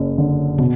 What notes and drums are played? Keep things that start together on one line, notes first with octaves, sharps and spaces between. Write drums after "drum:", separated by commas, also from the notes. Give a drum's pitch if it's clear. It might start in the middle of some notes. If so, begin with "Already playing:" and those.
Already playing: F#1 F#2
D3
B2, drum: tom